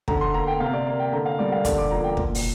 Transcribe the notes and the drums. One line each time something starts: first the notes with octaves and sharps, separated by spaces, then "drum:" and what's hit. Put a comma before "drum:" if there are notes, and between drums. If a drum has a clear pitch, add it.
D3 A#5, drum: kick
C6
A#3 A#5
G5
C3 F5
D5
A#3
G5
D3 A#5
F5
G3 A#3 D5
F5
D3 D5, drum: kick, hi-hat
D6
F3 A#3 A#5
G5
A#2, drum: kick
drum: open hi-hat